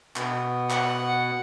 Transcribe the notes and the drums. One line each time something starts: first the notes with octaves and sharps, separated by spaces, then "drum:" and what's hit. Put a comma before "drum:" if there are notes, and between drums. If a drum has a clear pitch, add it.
B2 B3, drum: clap
F#5, drum: clap